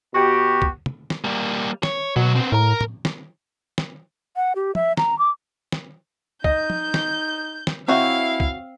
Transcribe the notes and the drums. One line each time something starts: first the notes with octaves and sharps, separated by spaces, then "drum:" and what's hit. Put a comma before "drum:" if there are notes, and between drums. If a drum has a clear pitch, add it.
B2 F#4 G4
drum: kick
drum: tom
drum: snare
G3 A#3
C#5, drum: snare
D2 B2 F#3
B3 C4
A2 A#4 A#5
drum: tom
drum: snare
drum: snare
F#5
G4
E5, drum: tom
A#5, drum: snare
D6
drum: snare
D#4 D#5 G6, drum: kick
drum: tom
drum: snare
drum: snare
C4 E4 F#4 C#5 E5 F5
drum: kick